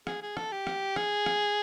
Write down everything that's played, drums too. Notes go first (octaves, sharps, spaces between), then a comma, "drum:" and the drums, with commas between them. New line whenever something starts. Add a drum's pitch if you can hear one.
G#4, drum: rim click
G#4
A4, drum: rim click
G4
drum: rim click
G#4, drum: rim click
drum: rim click